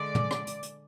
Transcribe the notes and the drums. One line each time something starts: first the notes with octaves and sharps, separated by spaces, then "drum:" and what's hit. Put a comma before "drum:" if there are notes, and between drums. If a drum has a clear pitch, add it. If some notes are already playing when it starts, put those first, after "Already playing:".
Already playing: D3 G#3 D5
drum: tom
drum: rim click
drum: hi-hat
drum: hi-hat